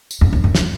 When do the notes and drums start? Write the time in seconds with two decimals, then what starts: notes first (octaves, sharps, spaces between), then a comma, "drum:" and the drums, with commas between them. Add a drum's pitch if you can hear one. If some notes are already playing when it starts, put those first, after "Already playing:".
0.11 drum: tambourine
0.21 F2
0.33 F#2
0.44 F#2
0.55 drum: snare